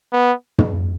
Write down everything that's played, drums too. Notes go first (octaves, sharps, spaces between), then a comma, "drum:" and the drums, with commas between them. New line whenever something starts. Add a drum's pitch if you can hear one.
B3
drum: tom